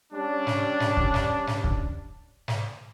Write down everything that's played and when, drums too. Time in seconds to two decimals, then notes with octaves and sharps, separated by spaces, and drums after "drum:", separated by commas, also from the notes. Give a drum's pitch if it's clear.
0.13 G3 C#4 D4
0.47 drum: snare
0.80 drum: snare
0.97 drum: kick
1.14 drum: snare
1.47 drum: snare
1.64 drum: kick
2.48 drum: snare